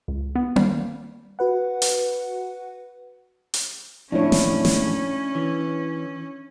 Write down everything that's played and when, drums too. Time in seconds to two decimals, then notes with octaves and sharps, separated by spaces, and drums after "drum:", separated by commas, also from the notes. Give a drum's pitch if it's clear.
0.08 C#2
0.35 B3
0.56 G3, drum: tom A#3
1.39 F#4 B4 F#5
1.82 drum: hi-hat
3.54 drum: hi-hat
4.12 F2 A2 C#4 D4 E4 C#5
4.32 drum: snare
4.65 drum: snare
5.35 E3